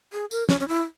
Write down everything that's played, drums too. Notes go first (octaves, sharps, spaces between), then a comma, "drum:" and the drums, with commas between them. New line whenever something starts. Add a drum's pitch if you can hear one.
G#4
A#4, drum: tambourine
C#4, drum: snare
C#4
E4